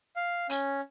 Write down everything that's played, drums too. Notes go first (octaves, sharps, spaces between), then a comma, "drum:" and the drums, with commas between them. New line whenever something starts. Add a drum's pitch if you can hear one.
F5
C#4, drum: hi-hat